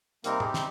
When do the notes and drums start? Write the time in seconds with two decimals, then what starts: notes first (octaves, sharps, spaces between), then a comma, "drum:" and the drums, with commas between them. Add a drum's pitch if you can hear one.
0.24 C3 G3 A#3 C4 D#4 A#4, drum: hi-hat
0.40 G#4, drum: tom
0.45 G4
0.54 drum: snare